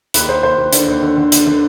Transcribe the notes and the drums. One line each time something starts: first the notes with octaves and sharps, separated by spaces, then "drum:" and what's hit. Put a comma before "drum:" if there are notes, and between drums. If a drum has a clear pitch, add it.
D#2 B4, drum: hi-hat
D#2 C5
D#2 C5
D#2 B4
D3, drum: hi-hat
D#2
D3
D3
D3, drum: hi-hat
D3